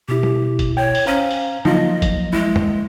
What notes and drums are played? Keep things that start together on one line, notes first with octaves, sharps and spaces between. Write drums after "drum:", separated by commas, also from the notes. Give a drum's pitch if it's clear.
B2 E4 G4
drum: tom
drum: kick G1, hi-hat
C#5 G5
drum: open hi-hat
C#4 C5 F5 A#5
drum: open hi-hat
F3 F#3 A#3 D#4 F4 D#5, drum: tom
drum: kick G1, hi-hat
G#3 E4
drum: tom